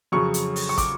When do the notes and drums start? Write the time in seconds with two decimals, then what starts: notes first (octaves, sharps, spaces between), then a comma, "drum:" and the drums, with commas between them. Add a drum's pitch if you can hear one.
0.12 F2 C#3 F#3 C#6
0.34 drum: hi-hat
0.56 drum: open hi-hat
0.69 C#6
0.78 D6, drum: kick, hi-hat